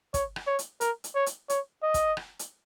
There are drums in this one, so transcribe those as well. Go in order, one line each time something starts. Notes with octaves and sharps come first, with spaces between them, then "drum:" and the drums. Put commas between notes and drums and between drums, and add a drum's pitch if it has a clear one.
C#5, drum: kick, hi-hat
drum: rim click
C#5
drum: hi-hat
A#4, drum: hi-hat
drum: hi-hat
C#5
drum: hi-hat
C#5, drum: hi-hat
D#5
drum: kick, hi-hat
drum: rim click
drum: hi-hat